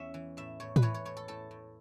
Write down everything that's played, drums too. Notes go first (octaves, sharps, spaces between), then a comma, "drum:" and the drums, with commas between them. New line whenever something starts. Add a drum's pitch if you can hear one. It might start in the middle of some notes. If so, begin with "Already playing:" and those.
Already playing: E2 C#4 E5
E3
A2 E5
A2 C#5
B4, drum: tom A2
E3 C#5
C#5
A2 C#5
A4
A2 A4
A2